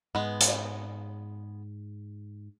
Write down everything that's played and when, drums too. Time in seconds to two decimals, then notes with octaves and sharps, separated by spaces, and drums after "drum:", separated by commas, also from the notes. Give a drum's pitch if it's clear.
0.15 G#2 G#3 B3
0.41 drum: hi-hat